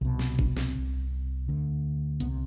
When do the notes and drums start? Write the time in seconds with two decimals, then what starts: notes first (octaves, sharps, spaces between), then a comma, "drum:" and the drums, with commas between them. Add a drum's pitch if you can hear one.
0.01 C2 B2 D3
0.19 C4, drum: snare
0.39 D4, drum: kick G#1
0.57 C4, drum: snare
0.75 C2 C3
1.48 D2 D3
2.20 C2 C3 B3, drum: hi-hat